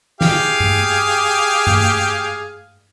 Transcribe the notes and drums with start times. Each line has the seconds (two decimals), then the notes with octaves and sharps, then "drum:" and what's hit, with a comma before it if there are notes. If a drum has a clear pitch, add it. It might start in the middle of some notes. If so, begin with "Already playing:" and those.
0.21 G4 G#4 F5, drum: snare
0.60 drum: tom G2
1.67 drum: tom G2